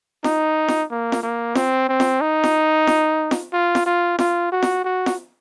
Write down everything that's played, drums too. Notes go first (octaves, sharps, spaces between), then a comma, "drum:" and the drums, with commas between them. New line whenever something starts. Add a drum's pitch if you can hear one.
D#4, drum: snare F4
drum: snare F4
A#3
drum: snare F4
A#3
C4, drum: snare F4
C4
drum: snare F4
D#4
drum: snare F4
drum: snare F4
drum: snare F4
F4
drum: snare F4
F4
F4, drum: snare F4
F#4
drum: snare F4
F#4
drum: snare F4